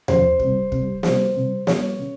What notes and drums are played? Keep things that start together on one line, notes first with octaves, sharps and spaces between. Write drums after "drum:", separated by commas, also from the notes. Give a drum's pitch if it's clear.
C#3 F3 C5, drum: tom E2
C3 G3, drum: kick
C3 G3, drum: kick
C3 G3 C5, drum: snare
C3 G3
C#3 G3 C#5, drum: snare
C#3